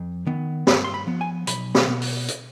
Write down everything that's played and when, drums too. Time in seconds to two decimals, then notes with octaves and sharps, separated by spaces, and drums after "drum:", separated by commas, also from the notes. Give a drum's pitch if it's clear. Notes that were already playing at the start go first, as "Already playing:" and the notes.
Already playing: F2
0.26 D#3 B3
0.67 G2 B5, drum: snare
0.84 C6
0.94 B5
1.07 F3 B3
1.21 G#5
1.47 B1 B5, drum: hi-hat
1.75 drum: snare
1.88 B2 B3
2.01 drum: open hi-hat
2.28 drum: hi-hat